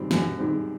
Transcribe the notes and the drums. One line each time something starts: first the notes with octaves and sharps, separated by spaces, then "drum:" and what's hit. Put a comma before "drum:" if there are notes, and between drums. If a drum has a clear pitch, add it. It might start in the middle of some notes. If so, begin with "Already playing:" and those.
Already playing: F#2 D#3 G3 C4
F#2, drum: snare
D#3 G3 C4